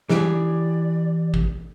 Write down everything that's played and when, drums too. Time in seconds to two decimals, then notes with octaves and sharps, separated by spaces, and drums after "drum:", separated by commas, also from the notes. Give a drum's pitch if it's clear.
0.09 E3 G4 G#4 D5, drum: snare
1.34 drum: kick G#1